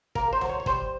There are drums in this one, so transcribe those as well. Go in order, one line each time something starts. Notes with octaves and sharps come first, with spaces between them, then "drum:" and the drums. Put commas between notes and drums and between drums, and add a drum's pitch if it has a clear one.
A#3 A#4, drum: kick
C5
F#3, drum: tom C#2
C#5
C#5
G3 C5, drum: kick